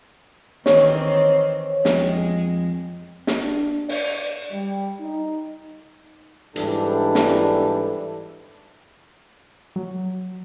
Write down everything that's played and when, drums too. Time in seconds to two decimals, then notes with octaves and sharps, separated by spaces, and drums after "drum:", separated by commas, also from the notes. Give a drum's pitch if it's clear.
0.66 D#3 E3 C4 C#5, drum: snare
1.85 F2 G#3, drum: snare
3.27 drum: snare
3.41 D4
3.89 D5, drum: open hi-hat
4.51 G3
5.01 D#4
6.56 G#2 E3 G3 D4 E4 A4, drum: hi-hat
7.15 drum: snare
9.76 F#3